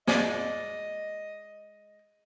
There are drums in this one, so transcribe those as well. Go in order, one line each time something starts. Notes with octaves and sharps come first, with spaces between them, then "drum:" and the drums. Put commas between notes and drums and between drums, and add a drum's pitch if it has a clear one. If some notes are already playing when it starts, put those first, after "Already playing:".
G#3 D5 D#5, drum: snare